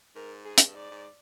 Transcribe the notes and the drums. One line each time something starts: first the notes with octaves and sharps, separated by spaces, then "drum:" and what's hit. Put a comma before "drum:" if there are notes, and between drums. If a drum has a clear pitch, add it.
G#2 A#4
G#4
drum: hi-hat
G2
G#2 D5
G#2